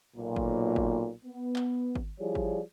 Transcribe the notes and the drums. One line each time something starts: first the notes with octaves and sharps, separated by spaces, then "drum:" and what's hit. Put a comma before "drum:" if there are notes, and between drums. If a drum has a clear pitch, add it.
B1 A#2
drum: kick G#1
drum: kick G#1
B3
drum: clap
drum: kick G#1
F3 G3 E4 G#4 C#5 D5
drum: kick G#1